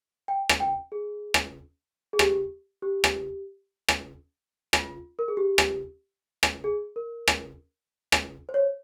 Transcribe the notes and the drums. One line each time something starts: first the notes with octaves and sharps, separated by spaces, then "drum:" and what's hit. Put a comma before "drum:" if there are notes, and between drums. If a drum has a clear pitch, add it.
G5
drum: rim click
G5
G#4
drum: rim click
G#4
G4, drum: rim click
G4
drum: rim click
drum: rim click
F4, drum: rim click
A#4
G#4
G4
drum: rim click
drum: rim click
G#4
A#4
drum: rim click
drum: rim click
C5
C#5